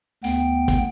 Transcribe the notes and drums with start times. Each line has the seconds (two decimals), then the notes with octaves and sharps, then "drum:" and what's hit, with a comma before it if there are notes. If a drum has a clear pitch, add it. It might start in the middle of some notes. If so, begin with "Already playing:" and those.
0.24 D2 B3 G5, drum: hi-hat
0.68 drum: kick, hi-hat